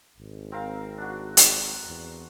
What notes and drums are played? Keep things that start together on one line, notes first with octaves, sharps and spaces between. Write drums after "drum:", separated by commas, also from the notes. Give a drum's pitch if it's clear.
G#1
C4 A#4 F5
D4 F#4
D5, drum: hi-hat
E2